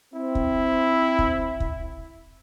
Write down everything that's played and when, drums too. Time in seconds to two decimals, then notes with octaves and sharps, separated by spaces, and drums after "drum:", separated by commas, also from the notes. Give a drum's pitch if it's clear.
0.14 C4 E4
0.35 drum: kick
1.19 drum: kick
1.60 drum: kick